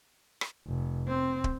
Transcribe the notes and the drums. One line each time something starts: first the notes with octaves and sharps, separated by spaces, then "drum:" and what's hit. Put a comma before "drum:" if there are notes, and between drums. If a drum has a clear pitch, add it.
drum: rim click
F1
C4
drum: kick